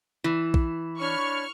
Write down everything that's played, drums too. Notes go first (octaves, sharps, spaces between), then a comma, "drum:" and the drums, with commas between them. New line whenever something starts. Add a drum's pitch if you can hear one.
E3 E4
drum: kick A#1
D4 C#5 B5 C#6 F6